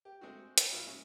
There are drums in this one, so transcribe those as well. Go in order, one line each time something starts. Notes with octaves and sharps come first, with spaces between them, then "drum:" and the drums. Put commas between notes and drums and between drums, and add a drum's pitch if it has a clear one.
G4
G#3 A3 C4 D4 F#4
A#4, drum: hi-hat
A2 F3 F#4 E5 F5 B5
G#3 C#4 E4